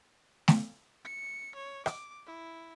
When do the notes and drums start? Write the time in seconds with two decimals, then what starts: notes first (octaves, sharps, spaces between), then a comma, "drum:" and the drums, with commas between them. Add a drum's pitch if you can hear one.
0.48 drum: snare A3
1.05 C#7
1.55 C#5
1.86 D6, drum: rim click
2.27 E4